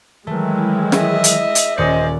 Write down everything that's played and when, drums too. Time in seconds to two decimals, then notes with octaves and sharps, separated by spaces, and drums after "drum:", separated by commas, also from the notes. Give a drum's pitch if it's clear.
0.27 D#3 E3 F#3 G#3 A3 E4
0.92 G#4 D#5 E5, drum: snare
1.24 drum: hi-hat
1.55 drum: hi-hat
1.78 D#1 C#4 C5 D5 D#5 C#7